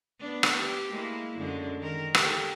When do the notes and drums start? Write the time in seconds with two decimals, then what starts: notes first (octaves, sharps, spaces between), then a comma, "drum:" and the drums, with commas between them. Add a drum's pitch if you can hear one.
0.20 B3 D4
0.43 drum: rim click
0.57 G4
0.90 G#3 A#3 E4
1.38 F#2 D3 G#3
1.81 D#3 A#4
2.14 G4 A4 A#4, drum: rim click